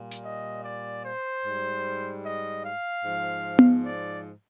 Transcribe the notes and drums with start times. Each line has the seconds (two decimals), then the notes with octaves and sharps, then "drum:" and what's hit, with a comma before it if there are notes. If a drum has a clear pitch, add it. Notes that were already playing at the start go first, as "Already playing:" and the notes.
Already playing: A#2 G3
0.11 drum: hi-hat
0.23 D#5
0.63 D5
1.03 C5
1.43 G#2 G3
2.23 D#5
2.63 F5
3.03 G#2 F3
3.59 drum: tom B3
3.82 D5